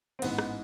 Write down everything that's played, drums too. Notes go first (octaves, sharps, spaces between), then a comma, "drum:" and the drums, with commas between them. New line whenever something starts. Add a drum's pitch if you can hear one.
C4
A1 G#2 E3 G#3 B3, drum: cymbal
drum: rim click